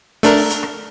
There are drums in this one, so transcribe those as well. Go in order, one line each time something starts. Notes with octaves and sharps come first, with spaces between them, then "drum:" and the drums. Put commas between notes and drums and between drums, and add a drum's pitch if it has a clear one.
A3 D4 A#4, drum: hi-hat
drum: open hi-hat
drum: hi-hat
drum: rim click